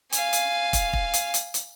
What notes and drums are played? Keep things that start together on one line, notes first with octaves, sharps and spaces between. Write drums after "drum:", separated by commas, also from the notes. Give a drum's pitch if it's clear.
F5 G#5, drum: hi-hat
drum: hi-hat
drum: kick, hi-hat
drum: kick
drum: hi-hat
drum: hi-hat
drum: hi-hat